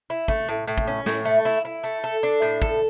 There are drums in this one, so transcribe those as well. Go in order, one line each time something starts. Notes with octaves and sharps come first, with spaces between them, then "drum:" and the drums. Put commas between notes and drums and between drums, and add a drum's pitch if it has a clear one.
E4
A3, drum: kick
A2
A2
drum: kick
C#4
A2, drum: snare
A3
E4
E4
A3
A4
D4
A2
A4, drum: kick